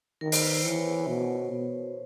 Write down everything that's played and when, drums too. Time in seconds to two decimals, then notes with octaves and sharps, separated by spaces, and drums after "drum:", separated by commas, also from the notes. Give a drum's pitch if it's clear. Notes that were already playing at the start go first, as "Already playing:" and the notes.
0.21 D#3 A#4
0.32 C5, drum: open hi-hat
0.43 B4
0.54 C5
0.65 E3 C#5
1.08 B2
1.51 B2